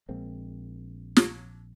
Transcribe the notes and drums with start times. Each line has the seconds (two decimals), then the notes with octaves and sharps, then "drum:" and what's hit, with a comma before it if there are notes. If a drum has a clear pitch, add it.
0.09 A#1 G#3 A#3 C4
1.16 drum: snare